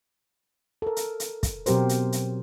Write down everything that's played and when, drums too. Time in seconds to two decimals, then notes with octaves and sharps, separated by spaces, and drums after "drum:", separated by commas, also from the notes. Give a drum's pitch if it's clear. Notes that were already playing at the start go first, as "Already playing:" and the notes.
0.82 A4 A#4
0.96 drum: hi-hat
1.20 drum: hi-hat
1.43 drum: kick, hi-hat
1.66 B2 F#3 C4 G4 A#4 C5, drum: hi-hat
1.89 drum: hi-hat
2.12 drum: hi-hat